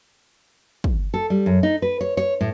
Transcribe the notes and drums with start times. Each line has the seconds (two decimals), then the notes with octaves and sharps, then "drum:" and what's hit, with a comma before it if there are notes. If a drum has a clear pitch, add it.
0.84 drum: kick
1.14 A4
1.30 G3
1.46 F#2
1.63 D#4
1.82 B4
2.01 C#5
2.17 C#5
2.41 A2